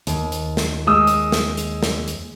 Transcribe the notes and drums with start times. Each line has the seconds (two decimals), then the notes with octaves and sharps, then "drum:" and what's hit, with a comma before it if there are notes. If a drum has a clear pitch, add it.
0.07 D#2, drum: hi-hat
0.32 drum: hi-hat
0.57 drum: snare
0.87 G#3 D#6 E6
1.07 drum: hi-hat
1.32 drum: snare
1.57 drum: hi-hat
1.83 drum: snare
2.08 drum: hi-hat